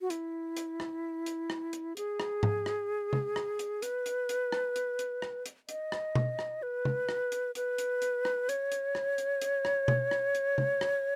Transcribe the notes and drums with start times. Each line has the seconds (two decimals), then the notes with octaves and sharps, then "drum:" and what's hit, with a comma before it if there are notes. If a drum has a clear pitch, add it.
0.01 F#4
0.10 E4, drum: hi-hat
0.57 drum: hi-hat
0.80 drum: rim click
1.26 drum: hi-hat
1.50 drum: rim click
1.73 drum: hi-hat
1.97 G#4, drum: hi-hat
2.20 drum: rim click
2.43 drum: tom G#2
2.66 drum: rim click
3.13 drum: tom C3
3.36 drum: rim click
3.59 drum: hi-hat
3.82 B4, drum: hi-hat
4.06 drum: hi-hat
4.29 drum: hi-hat
4.52 drum: rim click
4.76 drum: hi-hat
4.99 drum: hi-hat
5.22 drum: rim click
5.46 drum: hi-hat
5.69 D#5, drum: hi-hat
5.92 drum: rim click
6.15 drum: tom B2
6.39 drum: rim click
6.63 B4
6.85 drum: tom C3
7.09 drum: rim click
7.32 drum: hi-hat
7.55 B4, drum: hi-hat
7.78 drum: hi-hat
8.02 drum: hi-hat
8.25 drum: rim click
8.49 C#5, drum: hi-hat
8.72 drum: hi-hat
8.95 drum: rim click
9.18 drum: hi-hat
9.41 drum: hi-hat
9.65 drum: rim click
9.88 drum: tom B2
10.11 drum: rim click
10.35 drum: hi-hat
10.58 drum: tom C3
10.81 drum: rim click